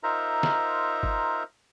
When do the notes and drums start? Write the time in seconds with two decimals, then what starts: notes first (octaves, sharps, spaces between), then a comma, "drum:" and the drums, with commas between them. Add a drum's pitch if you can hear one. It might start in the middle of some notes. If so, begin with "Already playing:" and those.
0.03 D#4 F4 A#4 C5 E5 A#5
0.43 drum: snare
1.03 drum: kick G1